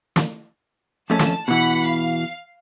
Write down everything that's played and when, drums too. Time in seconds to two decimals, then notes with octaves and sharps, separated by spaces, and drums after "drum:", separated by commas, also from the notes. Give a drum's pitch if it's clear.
0.16 drum: snare
1.10 F2 A3 C#4 A5
1.19 drum: snare
1.48 B2 E3 F#5 B5
1.87 F5